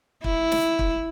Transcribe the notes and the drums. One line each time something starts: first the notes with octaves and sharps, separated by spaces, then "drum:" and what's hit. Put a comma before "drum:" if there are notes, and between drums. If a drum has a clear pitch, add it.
E4, drum: kick
drum: snare
drum: kick